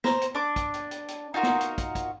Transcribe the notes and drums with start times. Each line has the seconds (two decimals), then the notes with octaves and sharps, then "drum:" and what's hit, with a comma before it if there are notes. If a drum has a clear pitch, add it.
0.04 C5 A#5, drum: snare
0.21 drum: hi-hat
0.35 D4 D6
0.56 drum: kick, hi-hat
0.74 drum: hi-hat
0.91 drum: hi-hat
1.08 drum: hi-hat
1.34 D#4 F4 F#4 A#4
1.43 drum: snare
1.61 drum: hi-hat
1.78 drum: kick, hi-hat
1.95 drum: kick, hi-hat